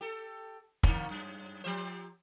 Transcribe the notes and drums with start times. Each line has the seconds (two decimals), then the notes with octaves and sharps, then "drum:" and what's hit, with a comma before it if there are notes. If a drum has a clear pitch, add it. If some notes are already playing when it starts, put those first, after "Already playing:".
0.01 G4 A4
0.83 D3 A#3 C#4, drum: kick
1.10 F#2
1.64 F3 G4 C5